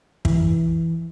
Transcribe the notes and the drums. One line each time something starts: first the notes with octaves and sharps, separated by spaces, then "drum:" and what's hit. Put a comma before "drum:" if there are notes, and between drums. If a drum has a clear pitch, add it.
E3, drum: kick